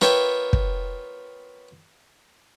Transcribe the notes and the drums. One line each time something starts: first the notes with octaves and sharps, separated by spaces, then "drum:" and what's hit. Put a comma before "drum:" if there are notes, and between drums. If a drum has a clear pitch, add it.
B3 F4 A#4 C#5 E5 G5, drum: rim click
drum: kick